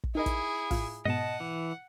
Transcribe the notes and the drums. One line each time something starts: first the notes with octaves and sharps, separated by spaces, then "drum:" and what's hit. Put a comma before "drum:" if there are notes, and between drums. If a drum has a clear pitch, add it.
drum: kick
D#4 E4 G#4 A#4 D#5
drum: kick, hi-hat
A2 F4 F5, drum: kick, open hi-hat
G#2 B2 D#5 F#5 A5
E3